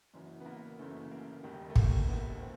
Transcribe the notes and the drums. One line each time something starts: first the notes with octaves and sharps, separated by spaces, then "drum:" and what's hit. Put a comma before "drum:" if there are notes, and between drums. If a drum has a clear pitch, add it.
F#1 F#2 C#3 E3
B3
A#3
F#1 F#2 C#3 E3 A3
A#3
E1 D#2 D#3 G3
A3
A#3, drum: kick G#1
E1 D#2 D#3 B3
C4